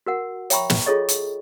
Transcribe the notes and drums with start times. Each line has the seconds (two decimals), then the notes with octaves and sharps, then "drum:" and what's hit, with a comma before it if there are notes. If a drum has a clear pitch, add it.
0.06 F#4 A#4 F#5
0.50 C#5 E5 G5 A#5 B5 C#6, drum: hi-hat
0.70 drum: snare
0.86 F4 G#4 A4 C#5 D#5 C#6
1.09 drum: hi-hat